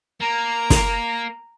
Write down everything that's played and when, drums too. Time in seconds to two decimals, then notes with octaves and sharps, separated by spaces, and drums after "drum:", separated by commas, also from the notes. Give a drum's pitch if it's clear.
0.21 A#3 A#5
0.70 drum: snare